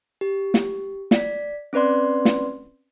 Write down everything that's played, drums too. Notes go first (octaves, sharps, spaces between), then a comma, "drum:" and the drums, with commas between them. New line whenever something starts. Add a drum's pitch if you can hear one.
G4
drum: snare
D5 B6, drum: snare
C4 C#4 B4 D5 C6
drum: snare